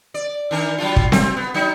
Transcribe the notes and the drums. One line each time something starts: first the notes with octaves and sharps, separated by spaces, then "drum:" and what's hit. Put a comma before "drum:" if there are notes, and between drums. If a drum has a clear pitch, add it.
D5
D#3 D4 A#4
F#3 D4 F4
drum: kick
F#3 C4, drum: snare C4
B3
F#3 D#4